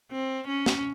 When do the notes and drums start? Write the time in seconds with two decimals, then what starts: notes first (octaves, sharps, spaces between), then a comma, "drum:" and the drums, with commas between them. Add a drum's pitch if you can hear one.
0.12 C4
0.48 C#4
0.66 drum: snare